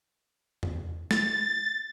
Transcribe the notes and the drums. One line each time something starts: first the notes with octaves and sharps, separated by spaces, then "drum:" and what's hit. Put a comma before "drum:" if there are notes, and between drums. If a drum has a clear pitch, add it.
drum: tom E2
A6, drum: snare